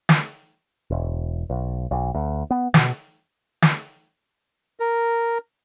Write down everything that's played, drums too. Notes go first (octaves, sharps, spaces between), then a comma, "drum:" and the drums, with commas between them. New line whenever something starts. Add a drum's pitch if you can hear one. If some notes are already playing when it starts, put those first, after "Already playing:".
drum: snare
E1
B1
B1
D2
B3
B2, drum: snare
drum: snare
A#4